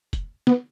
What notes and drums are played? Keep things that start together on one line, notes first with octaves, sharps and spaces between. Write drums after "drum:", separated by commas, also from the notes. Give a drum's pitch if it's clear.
drum: kick F1, hi-hat
B3, drum: snare